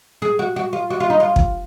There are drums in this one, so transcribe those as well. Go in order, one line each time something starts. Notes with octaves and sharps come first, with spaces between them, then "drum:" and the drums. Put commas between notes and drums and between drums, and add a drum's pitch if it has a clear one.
G#4
F#4
F#4
F4
F#4
F4
D#4
F4
drum: kick